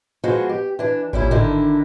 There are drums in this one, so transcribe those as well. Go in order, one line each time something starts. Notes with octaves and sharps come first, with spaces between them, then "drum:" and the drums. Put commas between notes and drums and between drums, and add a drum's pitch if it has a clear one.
F3 G#3 B3 F#4
G4
E3 D4
A#2 G3 C#4 E4, drum: kick G#1
D3 D#3 D4 E4, drum: tom G#2